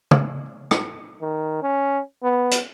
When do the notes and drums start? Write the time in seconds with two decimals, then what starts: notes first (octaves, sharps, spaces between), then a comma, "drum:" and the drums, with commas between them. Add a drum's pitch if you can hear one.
0.11 drum: tom
0.71 drum: rim click
1.21 D#3
1.63 C#4
2.23 B3
2.51 drum: hi-hat